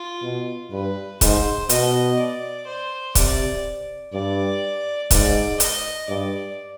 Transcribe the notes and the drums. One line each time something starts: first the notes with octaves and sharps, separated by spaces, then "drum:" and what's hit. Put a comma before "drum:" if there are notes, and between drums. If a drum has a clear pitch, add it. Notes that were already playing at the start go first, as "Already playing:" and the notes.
Already playing: F4
B2
G2 B4
G#2 C5, drum: kick, hi-hat
B2 D#5, drum: hi-hat
D5
C5
C3 D5, drum: kick, hi-hat
G2 D5
G#2 D5, drum: kick, hi-hat
D#5, drum: hi-hat
G2 D5